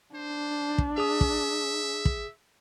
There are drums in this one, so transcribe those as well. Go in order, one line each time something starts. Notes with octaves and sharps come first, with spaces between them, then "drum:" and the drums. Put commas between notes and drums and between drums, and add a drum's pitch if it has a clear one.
D4 C5
drum: kick
G#4 E5 D#6
drum: kick
drum: kick